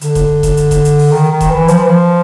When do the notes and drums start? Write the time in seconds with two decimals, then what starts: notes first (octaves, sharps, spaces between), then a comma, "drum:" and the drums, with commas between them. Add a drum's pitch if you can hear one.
0.01 D3, drum: hi-hat
0.15 drum: kick E1, hi-hat
0.43 drum: kick E1, hi-hat
0.57 drum: hi-hat
0.71 drum: kick E1, hi-hat
0.85 drum: hi-hat
0.99 drum: open hi-hat
1.12 D#3
1.31 D#3
1.41 drum: kick E1, hi-hat
1.50 E3
1.68 F3, drum: hi-hat
1.77 E3
1.86 F3